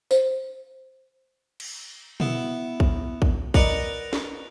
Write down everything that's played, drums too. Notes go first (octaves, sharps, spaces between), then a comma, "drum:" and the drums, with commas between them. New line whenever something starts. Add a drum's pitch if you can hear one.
C5, drum: tambourine
drum: cymbal
B3 E4, drum: tom B2
drum: kick A#1
drum: kick A#1
A#4 B4 D5 D#5 F#5 A#5, drum: kick A#1
drum: snare